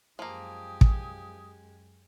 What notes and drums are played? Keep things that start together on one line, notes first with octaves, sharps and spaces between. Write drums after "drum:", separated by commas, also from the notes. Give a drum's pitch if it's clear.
F#2 F3 G#3 A#3 G4 G#5 D#6
drum: kick